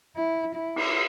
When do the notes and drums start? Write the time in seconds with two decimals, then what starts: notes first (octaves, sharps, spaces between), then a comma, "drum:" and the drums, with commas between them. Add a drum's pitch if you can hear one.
0.16 E4
0.55 E4
0.76 drum: cymbal